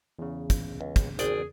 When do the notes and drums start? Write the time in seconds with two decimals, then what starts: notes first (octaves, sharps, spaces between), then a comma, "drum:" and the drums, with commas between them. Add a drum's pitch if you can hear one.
0.19 E2 C#3
0.50 drum: kick, hi-hat
0.81 C#2
0.96 drum: kick, hi-hat
1.19 G#1 G#4 D5 G5, drum: hi-hat